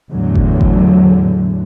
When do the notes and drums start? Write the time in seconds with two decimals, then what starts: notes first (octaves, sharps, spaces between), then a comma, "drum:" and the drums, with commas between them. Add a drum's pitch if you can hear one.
0.10 E2 A2 D3 F#3
0.35 drum: kick G1
0.61 drum: kick G1